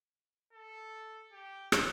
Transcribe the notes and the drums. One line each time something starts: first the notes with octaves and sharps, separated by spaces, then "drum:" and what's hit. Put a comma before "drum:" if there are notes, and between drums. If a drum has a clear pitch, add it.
A4
G4
drum: rim click